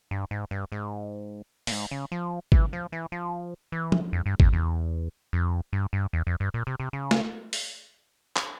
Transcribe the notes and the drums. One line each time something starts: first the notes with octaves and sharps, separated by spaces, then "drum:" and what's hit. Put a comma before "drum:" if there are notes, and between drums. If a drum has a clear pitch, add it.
G2
G#2
G2
G#2
A#2, drum: open hi-hat
G#2
C#3
F3
E3, drum: kick G#1
F3
E3
F3
E3
drum: tom
F2
G2
F2, drum: kick G#1
E2
F2
G2
G2
E2
F2
G2
A#2
C3
C3
C#3
drum: snare A3
drum: open hi-hat
drum: clap